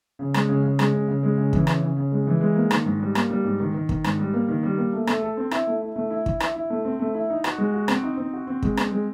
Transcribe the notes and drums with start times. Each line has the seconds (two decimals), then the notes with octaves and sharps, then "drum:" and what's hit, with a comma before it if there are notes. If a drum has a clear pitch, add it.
0.19 C#3
0.34 G#3, drum: rim click
0.49 C#3
0.63 C#3
0.79 G#3, drum: rim click
0.93 C#3
1.08 C#3
1.23 G#3
1.37 C#3
1.53 E3, drum: kick
1.67 C#3, drum: rim click
1.82 C#3
1.97 C#3
2.12 G#3
2.27 E3
2.41 G#3
2.56 A#3
2.71 D#3, drum: rim click
2.85 G#2
3.00 G3
3.15 A#3, drum: rim click
3.30 G3
3.44 G#2
3.60 D#3
3.74 D#3
3.89 D#3, drum: kick
4.04 G#2, drum: rim click
4.19 G3
4.34 A#3
4.48 D#3
4.63 G3
4.78 A#3
4.93 A3
5.07 A3, drum: rim click
5.23 A4
5.37 C4
5.51 E4, drum: rim click
5.67 A3
5.82 E4
5.96 A3
6.10 E4
6.26 E4, drum: kick
6.40 E4, drum: rim click
6.55 E4
6.70 A3
6.85 C4
6.99 A3
7.14 E4
7.30 D#4
7.44 F#4, drum: rim click
7.58 G#3
7.74 F#4
7.88 C4, drum: rim click
8.03 D#4
8.17 C4
8.33 F#4
8.47 C4
8.62 G#3, drum: kick
8.77 C4, drum: rim click
8.92 G#3